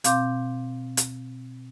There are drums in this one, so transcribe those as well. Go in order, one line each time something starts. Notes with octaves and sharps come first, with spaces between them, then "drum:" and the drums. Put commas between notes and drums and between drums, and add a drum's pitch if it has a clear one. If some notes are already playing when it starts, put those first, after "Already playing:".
B2 C4 F5 C6 D6 G6, drum: hi-hat
drum: hi-hat